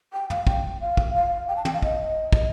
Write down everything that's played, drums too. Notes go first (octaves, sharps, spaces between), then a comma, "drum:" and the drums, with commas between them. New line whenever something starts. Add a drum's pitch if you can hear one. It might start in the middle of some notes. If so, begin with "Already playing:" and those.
G5
F5, drum: tom
G5, drum: kick
F5
drum: kick
F5
G5
A5
G5, drum: tom
F5
D#5, drum: kick
drum: kick